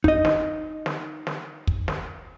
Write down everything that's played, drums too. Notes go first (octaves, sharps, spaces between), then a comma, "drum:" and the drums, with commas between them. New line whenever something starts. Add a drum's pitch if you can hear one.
D#4 D#5, drum: kick
drum: snare
drum: snare
drum: snare
drum: kick
drum: snare